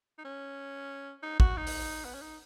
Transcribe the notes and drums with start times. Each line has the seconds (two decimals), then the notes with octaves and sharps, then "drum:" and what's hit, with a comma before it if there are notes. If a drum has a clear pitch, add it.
0.18 D#4
0.25 C#4
1.23 D#4
1.40 F#4, drum: kick
1.57 D#4
1.67 drum: open hi-hat
2.05 B3
2.14 C#4
2.22 D#4